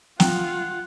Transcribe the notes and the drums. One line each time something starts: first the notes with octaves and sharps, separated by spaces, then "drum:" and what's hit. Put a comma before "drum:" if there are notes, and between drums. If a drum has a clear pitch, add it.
F4 F#5 G5, drum: snare